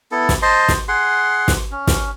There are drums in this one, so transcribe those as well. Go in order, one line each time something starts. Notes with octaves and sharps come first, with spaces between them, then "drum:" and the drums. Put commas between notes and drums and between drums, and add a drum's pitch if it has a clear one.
B3 E4 A4
drum: snare
C5 D#5 A5 C6
drum: snare
G#4 F#5 C6
drum: snare
C#4
drum: snare